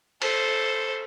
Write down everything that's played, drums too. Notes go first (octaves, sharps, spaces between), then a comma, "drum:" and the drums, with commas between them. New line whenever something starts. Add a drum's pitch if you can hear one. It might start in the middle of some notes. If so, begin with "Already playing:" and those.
A4 C5, drum: cymbal